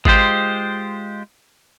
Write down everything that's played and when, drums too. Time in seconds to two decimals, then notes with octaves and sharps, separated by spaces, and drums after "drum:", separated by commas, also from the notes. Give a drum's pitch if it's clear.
0.05 G#3 F4 G4 C5, drum: kick G#1